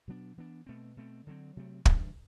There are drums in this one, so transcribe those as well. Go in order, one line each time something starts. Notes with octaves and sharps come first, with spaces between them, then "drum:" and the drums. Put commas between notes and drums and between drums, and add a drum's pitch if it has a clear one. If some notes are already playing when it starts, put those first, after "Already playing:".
B2 F#3 B3 D4
E3 B3 D4
B2 A3 C4
B2 A3 C4
D3 F#3 C4
C3 F#3 A3 C4
E3 G3 D4, drum: kick